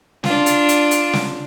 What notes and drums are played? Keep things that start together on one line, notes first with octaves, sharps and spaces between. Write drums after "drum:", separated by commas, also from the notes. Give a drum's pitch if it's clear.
D4 F4, drum: snare
drum: hi-hat
drum: hi-hat
drum: hi-hat
drum: snare